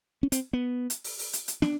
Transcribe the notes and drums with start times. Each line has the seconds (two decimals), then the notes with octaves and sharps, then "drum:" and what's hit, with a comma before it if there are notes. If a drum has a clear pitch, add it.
0.23 C#4
0.32 C4, drum: hi-hat
0.53 B3
0.90 drum: hi-hat
1.04 drum: open hi-hat
1.19 drum: open hi-hat
1.33 drum: hi-hat
1.48 drum: hi-hat
1.62 D4, drum: snare